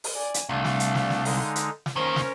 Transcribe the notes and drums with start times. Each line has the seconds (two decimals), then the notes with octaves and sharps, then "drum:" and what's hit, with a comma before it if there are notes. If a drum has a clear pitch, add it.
0.04 drum: open hi-hat
0.15 D5 G#5
0.34 drum: hi-hat
0.49 C2 A3 D4 F5 G#5
0.65 drum: snare
0.80 drum: hi-hat
0.95 drum: snare
1.10 drum: snare
1.25 D3 G#3 D#4, drum: open hi-hat
1.56 drum: hi-hat
1.86 drum: snare
1.96 D#2 D#3 C#4 A#4 C5 C#5
2.16 drum: snare